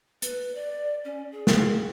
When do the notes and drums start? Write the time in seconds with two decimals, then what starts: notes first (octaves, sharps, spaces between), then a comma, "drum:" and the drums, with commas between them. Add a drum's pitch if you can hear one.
0.22 B4, drum: hi-hat
0.54 D5
1.05 C#4
1.32 G#4
1.47 drum: snare